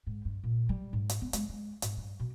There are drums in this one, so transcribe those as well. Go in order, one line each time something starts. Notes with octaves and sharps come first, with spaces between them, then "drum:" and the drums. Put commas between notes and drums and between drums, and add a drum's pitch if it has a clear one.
G#2
G2
A#2
G3
G#2
drum: hi-hat
B3
G#3, drum: hi-hat
G#3
G#2, drum: hi-hat
G2
B2